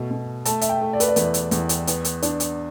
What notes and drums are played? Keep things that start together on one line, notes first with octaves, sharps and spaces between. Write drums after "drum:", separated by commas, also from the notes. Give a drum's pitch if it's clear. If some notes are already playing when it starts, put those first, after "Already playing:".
Already playing: B2 A3
B2
A3 A5, drum: hi-hat
E5, drum: hi-hat
G5
A3
D5
B4, drum: hi-hat
D5
E2 B4, drum: hi-hat
drum: hi-hat
E2, drum: hi-hat
drum: hi-hat
B3, drum: hi-hat
drum: hi-hat
D4, drum: hi-hat
drum: hi-hat